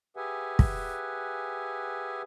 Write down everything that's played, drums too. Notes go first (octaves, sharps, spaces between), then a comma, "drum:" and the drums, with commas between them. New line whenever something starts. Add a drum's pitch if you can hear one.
G4 G#4 B4 E5 F#5 G#5
drum: kick